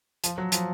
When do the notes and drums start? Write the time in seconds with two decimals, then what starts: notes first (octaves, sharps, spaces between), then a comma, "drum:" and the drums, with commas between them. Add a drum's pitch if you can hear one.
0.24 F3, drum: hi-hat
0.38 F#3
0.52 F3, drum: hi-hat